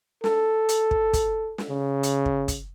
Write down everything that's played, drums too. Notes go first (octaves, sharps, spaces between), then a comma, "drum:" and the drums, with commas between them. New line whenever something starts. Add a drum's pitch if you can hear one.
A4, drum: snare
drum: hi-hat
drum: kick
drum: kick, hi-hat
drum: snare
C#3
drum: hi-hat
drum: kick
drum: kick, hi-hat